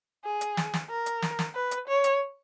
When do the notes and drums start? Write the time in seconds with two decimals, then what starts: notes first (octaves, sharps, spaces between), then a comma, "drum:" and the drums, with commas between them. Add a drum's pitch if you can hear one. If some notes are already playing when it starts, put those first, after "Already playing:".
0.25 G#4
0.41 drum: hi-hat
0.57 drum: snare
0.74 drum: snare
0.90 A#4
1.06 drum: hi-hat
1.22 drum: snare
1.39 drum: snare
1.55 B4
1.71 drum: hi-hat
1.88 C#5
2.04 drum: hi-hat